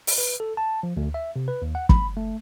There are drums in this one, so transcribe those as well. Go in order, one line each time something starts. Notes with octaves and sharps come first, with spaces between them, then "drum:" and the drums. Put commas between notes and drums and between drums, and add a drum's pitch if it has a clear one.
drum: open hi-hat
B4
A4
A5
F3
D2
E5
C3
B4
D#2
F#5
B5, drum: kick
A3